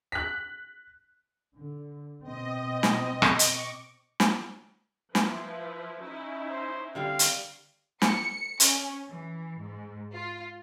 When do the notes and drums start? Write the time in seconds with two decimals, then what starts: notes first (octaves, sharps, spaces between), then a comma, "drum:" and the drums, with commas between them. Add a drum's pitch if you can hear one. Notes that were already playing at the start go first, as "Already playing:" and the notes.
0.12 F#6 B6
1.55 D3
2.23 B2 C4 D#5
2.83 drum: snare
3.22 drum: rim click
3.39 C#6 D6, drum: hi-hat
4.20 drum: snare
5.15 F3 E4 B4, drum: snare
6.01 C#4 D#4 E4
6.51 C5
6.95 D3 G3 C4 F5
7.19 drum: hi-hat
8.02 C#7, drum: snare
8.60 C#4, drum: hi-hat
9.09 E3
9.60 G#2
10.13 F4